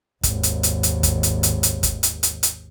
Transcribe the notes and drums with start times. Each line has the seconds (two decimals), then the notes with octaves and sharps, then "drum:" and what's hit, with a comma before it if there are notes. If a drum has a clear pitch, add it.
0.23 G#1 D#2, drum: kick, hi-hat
0.43 drum: hi-hat
0.63 drum: hi-hat
0.83 drum: hi-hat
1.03 drum: kick, hi-hat
1.23 drum: hi-hat
1.43 drum: hi-hat
1.63 drum: hi-hat
1.83 drum: kick, hi-hat
2.03 drum: hi-hat
2.23 drum: hi-hat
2.43 drum: hi-hat